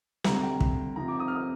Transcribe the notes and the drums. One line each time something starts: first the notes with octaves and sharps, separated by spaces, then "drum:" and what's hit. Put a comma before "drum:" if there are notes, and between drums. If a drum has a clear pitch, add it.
D2 C3 G3 A#5, drum: snare
G5
drum: kick
F2 C3 F3 A#5
D6
D#6
F6
D#6